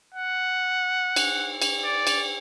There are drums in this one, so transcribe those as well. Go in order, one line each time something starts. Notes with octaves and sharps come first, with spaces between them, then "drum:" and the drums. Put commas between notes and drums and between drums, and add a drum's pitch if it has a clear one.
F#5
drum: cymbal
drum: cymbal
D5
drum: cymbal